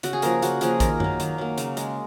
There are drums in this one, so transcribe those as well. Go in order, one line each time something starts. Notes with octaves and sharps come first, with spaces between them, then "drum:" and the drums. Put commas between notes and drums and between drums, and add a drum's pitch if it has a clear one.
C#3 F#4, drum: hi-hat
G#4
F3 A#3 A#4, drum: hi-hat
C#3 F#4, drum: hi-hat
F3 A#3 G#4, drum: hi-hat
D#3 A#4, drum: kick A#1, hi-hat
F#3 A#3, drum: tom F#2
D#3, drum: hi-hat
F#3 A#3
C#3, drum: hi-hat
G#3, drum: hi-hat